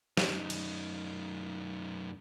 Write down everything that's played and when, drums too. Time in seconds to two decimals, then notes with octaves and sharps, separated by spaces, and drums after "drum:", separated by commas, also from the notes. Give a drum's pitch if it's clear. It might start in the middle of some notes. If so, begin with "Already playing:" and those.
0.17 F#2 D#4, drum: snare
0.50 drum: cymbal